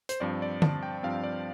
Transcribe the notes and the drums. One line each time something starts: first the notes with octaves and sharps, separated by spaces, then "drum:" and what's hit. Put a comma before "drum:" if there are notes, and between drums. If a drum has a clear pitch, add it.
C5, drum: hi-hat
G2 F3 C4 D5
D5
A5, drum: tom D3
G5
G2 F3 C4 F5
D5